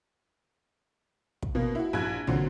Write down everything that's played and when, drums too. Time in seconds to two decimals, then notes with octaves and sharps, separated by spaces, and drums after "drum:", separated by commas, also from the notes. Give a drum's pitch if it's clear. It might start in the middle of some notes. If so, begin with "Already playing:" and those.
1.42 drum: kick
1.55 B2 A#3
1.75 E4 F#4
1.93 A#1 F#6 G#6
2.27 A#2 D3 F#3 C4 F#4, drum: tom